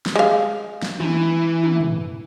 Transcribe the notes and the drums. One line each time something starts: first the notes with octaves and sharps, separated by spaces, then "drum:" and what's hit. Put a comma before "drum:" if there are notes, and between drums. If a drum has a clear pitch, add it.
drum: snare
G#3 F5
drum: snare
E3, drum: tom
drum: tom
drum: tom